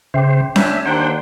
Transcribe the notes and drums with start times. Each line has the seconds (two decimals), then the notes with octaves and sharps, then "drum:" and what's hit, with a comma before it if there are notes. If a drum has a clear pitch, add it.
0.14 C#3 C5 E5 G5 D6
0.56 C#4 D4 E5 G#5 G6, drum: snare C#4
0.86 D#2 D4 C5 F#5 G5 A#5